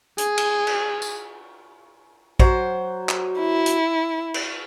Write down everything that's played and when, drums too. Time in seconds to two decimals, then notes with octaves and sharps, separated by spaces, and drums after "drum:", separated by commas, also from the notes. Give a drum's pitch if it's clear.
0.18 G#4, drum: hi-hat
0.38 drum: cymbal
0.67 drum: cymbal
1.02 drum: tambourine
2.40 F#3 C5, drum: kick
3.09 drum: clap
3.39 E4
3.66 drum: hi-hat
4.34 drum: cymbal